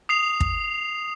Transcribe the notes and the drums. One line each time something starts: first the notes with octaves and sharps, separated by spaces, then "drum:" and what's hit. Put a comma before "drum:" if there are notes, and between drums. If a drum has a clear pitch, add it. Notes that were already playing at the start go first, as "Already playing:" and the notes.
D#6 C7 F7
drum: kick